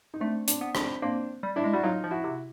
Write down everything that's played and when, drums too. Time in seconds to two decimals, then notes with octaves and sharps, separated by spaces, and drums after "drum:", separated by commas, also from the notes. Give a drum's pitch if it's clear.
0.14 D#4
0.20 A3 C4 D4
0.48 C4 D4, drum: hi-hat
0.61 B3
0.75 C4 D4, drum: rim click
1.02 A#3 C4 D4
1.43 G3
1.56 D4 E4
1.64 G#3
1.73 G3 F#4
1.83 F#3 D#4 F4
2.04 F3
2.11 E4 F#4
2.24 C3